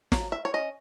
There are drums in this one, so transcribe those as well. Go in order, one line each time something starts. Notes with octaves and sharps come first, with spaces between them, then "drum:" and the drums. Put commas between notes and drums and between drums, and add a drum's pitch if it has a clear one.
F#3, drum: snare
E5
C#5
C#4 D#5